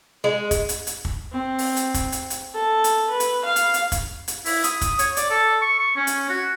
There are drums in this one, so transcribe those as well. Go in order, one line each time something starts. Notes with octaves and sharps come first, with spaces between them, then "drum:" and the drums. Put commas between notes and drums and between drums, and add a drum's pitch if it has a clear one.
G#3
drum: kick, hi-hat
drum: hi-hat
drum: hi-hat
drum: kick
C4
drum: open hi-hat
drum: hi-hat
drum: kick, hi-hat
drum: hi-hat
drum: hi-hat
A4
drum: hi-hat
B4
drum: hi-hat
F5
drum: hi-hat
drum: hi-hat
drum: kick, hi-hat
drum: hi-hat
E4, drum: open hi-hat
D#6, drum: hi-hat
drum: kick, hi-hat
C#5, drum: hi-hat
D5, drum: hi-hat
A4
C#6
C#6
C#4
drum: hi-hat
F#4